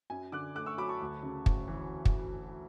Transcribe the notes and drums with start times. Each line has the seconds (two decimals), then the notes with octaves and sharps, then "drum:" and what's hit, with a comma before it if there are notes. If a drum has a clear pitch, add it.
0.10 F#2 G#5
0.32 D3 D6 F#6
0.55 A3 D6 F#6
0.66 C#6 E6
0.78 F#3 B5 D6
0.89 A5 C#6
1.01 D2
1.23 C#3
1.46 D2, drum: kick
1.68 E3
2.05 drum: kick